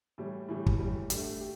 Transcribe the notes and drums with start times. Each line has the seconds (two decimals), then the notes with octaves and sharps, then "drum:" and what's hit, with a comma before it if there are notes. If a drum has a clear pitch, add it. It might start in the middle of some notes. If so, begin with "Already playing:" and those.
0.18 A2 E3 G3
0.48 A2 E3 G3
0.66 drum: kick
0.79 A2 E3 G3
1.10 A3 D4 G4, drum: hi-hat
1.41 G4